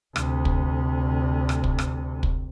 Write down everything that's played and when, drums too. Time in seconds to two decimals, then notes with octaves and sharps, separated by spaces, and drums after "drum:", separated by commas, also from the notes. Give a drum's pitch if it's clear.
0.16 D2 C3, drum: rim click
0.45 drum: kick
1.49 drum: rim click
1.64 drum: kick
1.79 drum: rim click
2.23 drum: kick